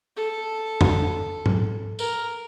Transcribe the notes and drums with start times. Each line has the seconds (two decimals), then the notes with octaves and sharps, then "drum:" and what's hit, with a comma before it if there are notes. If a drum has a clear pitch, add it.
0.17 A4
0.81 drum: tom
1.46 drum: tom G#2
1.99 A#4, drum: tambourine